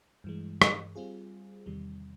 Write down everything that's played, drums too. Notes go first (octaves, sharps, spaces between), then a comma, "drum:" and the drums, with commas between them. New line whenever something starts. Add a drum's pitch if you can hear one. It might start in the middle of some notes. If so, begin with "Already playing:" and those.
G2 E3 G#3
drum: rim click
G3 C4 F4 G#4
E2 C3 D#3 G3